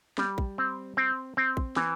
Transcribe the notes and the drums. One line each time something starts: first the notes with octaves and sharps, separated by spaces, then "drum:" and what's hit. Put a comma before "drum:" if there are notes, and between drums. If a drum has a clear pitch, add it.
G3, drum: snare
drum: kick
C4
C4
C4
drum: kick
E3, drum: snare